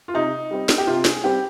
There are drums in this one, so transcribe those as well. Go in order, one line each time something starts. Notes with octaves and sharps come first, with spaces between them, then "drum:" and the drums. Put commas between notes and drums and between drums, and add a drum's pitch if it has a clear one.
F4
C3 D#4
G3 C4
drum: snare
G4
C3 F4
G#4, drum: snare
G3 C4 G4